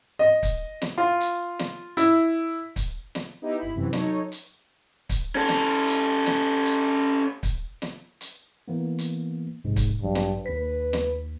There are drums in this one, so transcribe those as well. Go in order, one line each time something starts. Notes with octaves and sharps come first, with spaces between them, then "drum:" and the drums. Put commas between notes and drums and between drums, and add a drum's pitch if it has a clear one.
D#5
drum: kick, hi-hat
drum: snare
F4
drum: hi-hat
drum: snare
E4, drum: hi-hat
drum: kick, hi-hat
drum: snare
B3 D#4 E4 G4
G1 E4 B5
F#2 C3 E3 F#3
F#3 D#4 A4 C#5, drum: snare
drum: hi-hat
drum: kick, hi-hat
C#4 A4
drum: snare
drum: hi-hat
drum: snare
drum: hi-hat
drum: kick, hi-hat
drum: snare
drum: hi-hat
E3 A#3 B3
drum: hi-hat
A#1 G#2 C3
drum: kick, hi-hat
A1 G2 F#3
drum: snare
D#2 B4 B6
drum: snare